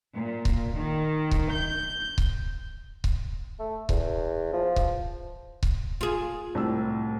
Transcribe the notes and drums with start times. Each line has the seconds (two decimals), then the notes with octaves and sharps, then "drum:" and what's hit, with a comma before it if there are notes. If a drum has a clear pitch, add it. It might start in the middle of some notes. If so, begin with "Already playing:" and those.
0.15 A#2
0.45 drum: kick C#1
0.76 D#3
1.31 drum: kick C#1
1.53 G6
2.18 drum: kick C#1
3.04 drum: kick C#1
3.59 A3
3.89 E2, drum: kick C#1
4.53 F3
4.76 drum: kick C#1
5.63 drum: kick C#1
6.01 F4 G#4
6.55 C2 A2 E6